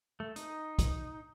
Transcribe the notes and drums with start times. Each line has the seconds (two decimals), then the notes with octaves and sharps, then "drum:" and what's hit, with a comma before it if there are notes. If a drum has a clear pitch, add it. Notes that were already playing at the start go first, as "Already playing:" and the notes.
0.20 A3
0.36 D#4, drum: hi-hat
0.79 drum: kick, hi-hat